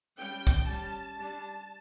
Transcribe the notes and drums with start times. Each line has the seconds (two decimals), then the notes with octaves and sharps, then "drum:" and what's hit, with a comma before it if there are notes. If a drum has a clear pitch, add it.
0.18 G3 C#4 G5
0.47 drum: kick
0.67 G3 C#4 A5
1.17 G3 D4